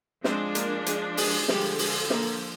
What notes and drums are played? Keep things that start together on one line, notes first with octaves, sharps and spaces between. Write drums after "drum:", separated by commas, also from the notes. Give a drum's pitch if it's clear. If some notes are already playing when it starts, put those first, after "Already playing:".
F3 G#3 C4 D4 C5, drum: snare
A#3 A#4, drum: hi-hat
G#3 G#4, drum: hi-hat
G#3 G#4, drum: open hi-hat
D3 F3 G3 G#3 G4, drum: snare
G#3 G#4, drum: open hi-hat
A#3 A#4, drum: snare